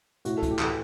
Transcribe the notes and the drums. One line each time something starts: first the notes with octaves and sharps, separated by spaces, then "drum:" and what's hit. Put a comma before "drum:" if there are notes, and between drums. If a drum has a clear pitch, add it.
A2 F#4, drum: hi-hat
A4
A2, drum: kick C#2, hi-hat
G4
E3 A4, drum: clap